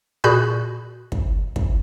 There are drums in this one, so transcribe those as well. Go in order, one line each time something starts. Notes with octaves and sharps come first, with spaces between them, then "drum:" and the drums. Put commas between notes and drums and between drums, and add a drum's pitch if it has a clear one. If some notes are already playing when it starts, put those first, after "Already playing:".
A#2 F#4 G#4 B5 F#6 G6
drum: kick
drum: kick